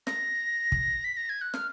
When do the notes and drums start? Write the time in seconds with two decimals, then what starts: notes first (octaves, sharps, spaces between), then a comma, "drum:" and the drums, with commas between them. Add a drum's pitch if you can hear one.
0.07 A#6, drum: snare
0.72 drum: kick
1.04 B6
1.17 A#6
1.29 G#6
1.41 F#6
1.54 F6, drum: snare